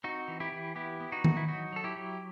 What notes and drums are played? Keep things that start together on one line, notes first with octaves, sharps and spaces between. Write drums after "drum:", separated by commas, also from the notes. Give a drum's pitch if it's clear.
C4 D#4 F#4
E3
E4 G4
E3
B3 E4 G4
B3
D#4 F#4
E3, drum: tom D#3
E4
F#3 D#4 F#4
F#3 A4
E4 G4
F#3